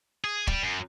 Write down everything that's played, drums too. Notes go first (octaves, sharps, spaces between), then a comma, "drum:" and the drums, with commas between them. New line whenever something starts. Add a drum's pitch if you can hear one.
G#4
G3, drum: kick
F#2